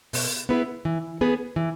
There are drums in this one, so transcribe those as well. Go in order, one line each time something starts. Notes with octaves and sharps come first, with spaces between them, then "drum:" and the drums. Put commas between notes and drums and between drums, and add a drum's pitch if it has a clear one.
B2, drum: open hi-hat
B3 E4 G#4 B4
E3
B3 G#4 B4
E3